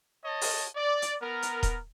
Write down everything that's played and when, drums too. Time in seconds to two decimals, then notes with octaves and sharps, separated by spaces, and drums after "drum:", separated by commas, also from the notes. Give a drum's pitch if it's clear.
0.24 C#5 D#5 A5
0.41 drum: open hi-hat
0.75 D5
1.02 drum: hi-hat
1.22 B3 A#4
1.42 drum: hi-hat
1.63 drum: kick D#1, hi-hat